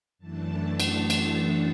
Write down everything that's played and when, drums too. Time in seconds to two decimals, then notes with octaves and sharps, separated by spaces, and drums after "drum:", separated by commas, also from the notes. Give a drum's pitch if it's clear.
0.19 F#2 E3 A3 D4 A5
0.80 drum: cymbal
1.10 drum: cymbal